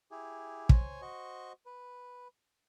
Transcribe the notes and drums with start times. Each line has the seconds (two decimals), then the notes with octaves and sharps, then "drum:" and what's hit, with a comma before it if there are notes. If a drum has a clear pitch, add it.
0.11 E4 G4 G#4
0.69 C5 C#5 G#5, drum: kick
1.02 F#4 C5 D#5 C#6
1.66 B4